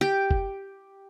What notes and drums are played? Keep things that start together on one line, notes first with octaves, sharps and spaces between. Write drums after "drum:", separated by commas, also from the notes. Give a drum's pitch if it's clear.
G4
drum: kick